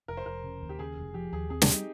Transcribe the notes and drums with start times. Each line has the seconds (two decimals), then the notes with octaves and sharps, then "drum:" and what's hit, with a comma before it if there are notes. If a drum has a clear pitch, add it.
0.08 F1 A#4
0.17 C5
0.26 F1 A#4
0.44 C#3
0.62 D#2
0.69 G4
0.79 C#3 G#4
0.97 F1
1.14 F3 G4
1.33 D#2 G#4
1.50 C4 G#4
1.62 G4, drum: snare
1.68 G3
1.73 D#4